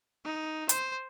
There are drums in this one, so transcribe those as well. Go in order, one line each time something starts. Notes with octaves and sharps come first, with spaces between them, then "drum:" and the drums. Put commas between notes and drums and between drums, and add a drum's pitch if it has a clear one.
D#4
C5, drum: hi-hat